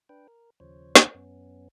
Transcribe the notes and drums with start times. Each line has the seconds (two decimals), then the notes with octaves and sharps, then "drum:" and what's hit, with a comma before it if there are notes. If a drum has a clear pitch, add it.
0.09 D4 B4 G5
0.28 A#4
0.60 D#2 C#3 F3 C5 C#5
0.95 drum: snare
1.15 F#2 B3 C#4